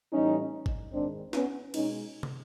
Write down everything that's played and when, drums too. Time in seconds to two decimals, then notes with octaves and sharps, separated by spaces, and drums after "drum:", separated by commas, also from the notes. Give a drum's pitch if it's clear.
0.12 A2 E3 G3 C#4 D#4
0.66 drum: kick
0.93 G#2 D#3 G#3 C4 D4
1.33 B3 C#4, drum: snare
1.74 B2 G#3 C#4 D#4, drum: cymbal
2.23 drum: tom